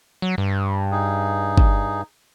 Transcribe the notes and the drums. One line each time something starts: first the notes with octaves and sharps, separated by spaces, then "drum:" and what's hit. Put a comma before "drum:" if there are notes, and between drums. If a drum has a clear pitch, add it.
F#3
G2
D#4 G#4
drum: kick G1